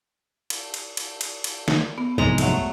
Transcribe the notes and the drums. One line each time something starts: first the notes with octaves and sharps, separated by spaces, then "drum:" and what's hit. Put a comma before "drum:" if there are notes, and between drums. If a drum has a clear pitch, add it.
drum: cymbal
drum: cymbal
drum: cymbal
drum: cymbal
drum: cymbal
drum: snare
B3
C2 F2 G#2 G#3 A#5
F#3 A3, drum: cymbal